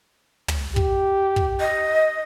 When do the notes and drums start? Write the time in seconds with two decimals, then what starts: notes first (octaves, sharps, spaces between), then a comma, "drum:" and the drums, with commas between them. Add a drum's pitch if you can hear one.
0.48 drum: tom
0.76 G4, drum: kick
1.36 drum: kick
1.61 D#5